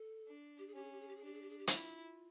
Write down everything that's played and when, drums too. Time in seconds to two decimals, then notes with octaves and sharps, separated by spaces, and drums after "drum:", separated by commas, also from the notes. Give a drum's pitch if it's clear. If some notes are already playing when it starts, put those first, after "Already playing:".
Already playing: A4
0.27 D4
0.58 G4
0.68 G#4
0.74 C#4 G4
0.83 G#4
0.92 G4
1.00 G#4
1.08 G4
1.16 G#4
1.21 D4 G4
1.33 G#4
1.42 G4
1.49 G#4
1.58 G4
1.67 E4 F4, drum: hi-hat